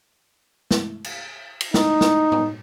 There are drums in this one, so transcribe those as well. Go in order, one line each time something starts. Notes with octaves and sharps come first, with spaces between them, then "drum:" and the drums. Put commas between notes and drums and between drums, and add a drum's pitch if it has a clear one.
drum: snare
drum: cymbal
drum: cymbal
D#4, drum: snare
drum: snare
drum: tom